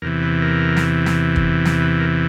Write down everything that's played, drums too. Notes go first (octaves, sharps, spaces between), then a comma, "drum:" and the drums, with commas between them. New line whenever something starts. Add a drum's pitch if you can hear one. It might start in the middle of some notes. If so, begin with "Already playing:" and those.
E2 C3 E3 A#4
B4
A#4
drum: snare
drum: snare
drum: kick
drum: snare
B4
A#4